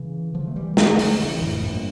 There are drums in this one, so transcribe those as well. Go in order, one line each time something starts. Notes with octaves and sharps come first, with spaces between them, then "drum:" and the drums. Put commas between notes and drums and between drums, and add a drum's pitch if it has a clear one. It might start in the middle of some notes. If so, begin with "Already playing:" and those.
Already playing: C#3 E3
D3 F3
A3
E3 G3
F3 A3, drum: snare
D3 F3, drum: open hi-hat
C#3 E3
F2 A2
G2 A#2